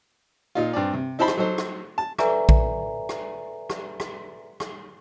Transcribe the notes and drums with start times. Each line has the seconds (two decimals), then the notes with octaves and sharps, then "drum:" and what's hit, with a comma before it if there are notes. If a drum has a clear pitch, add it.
0.55 A#2 D#4 F4
0.73 G2 C4 D5
0.93 C3
1.19 D#4 E4 C5 A5 B5
1.28 drum: rim click
1.37 F#3 D#4 A4 C5
1.58 drum: rim click
1.98 A5
2.19 A4 B4 D5 E5 G#5 A#5, drum: rim click
2.49 drum: kick A#1
3.09 drum: rim click
3.70 drum: rim click
4.00 drum: rim click
4.60 drum: rim click